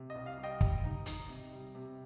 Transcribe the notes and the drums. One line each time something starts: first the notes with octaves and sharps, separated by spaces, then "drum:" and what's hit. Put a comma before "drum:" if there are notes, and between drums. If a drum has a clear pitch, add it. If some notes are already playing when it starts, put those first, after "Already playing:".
Already playing: C3
D#5
C2
F5
G3
D#5 G5
G3, drum: kick
D#4
D#4, drum: hi-hat
C3
G3
C3